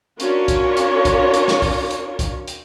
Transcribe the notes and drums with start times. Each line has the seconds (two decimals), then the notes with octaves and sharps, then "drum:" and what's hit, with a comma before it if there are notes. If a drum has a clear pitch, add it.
0.20 C#4 D4 F4 F#4 A#4 C#5, drum: hi-hat
0.48 drum: kick, hi-hat
0.77 drum: hi-hat
1.05 drum: kick, hi-hat
1.34 drum: hi-hat
1.48 drum: snare
1.62 drum: kick, open hi-hat
1.91 drum: hi-hat
2.19 drum: kick, hi-hat
2.48 drum: hi-hat